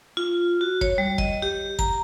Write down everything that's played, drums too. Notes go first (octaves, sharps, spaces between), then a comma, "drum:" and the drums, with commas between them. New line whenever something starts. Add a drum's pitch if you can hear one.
F4
F#4
C#5, drum: kick
G3
D#5, drum: kick
G4
A#5, drum: kick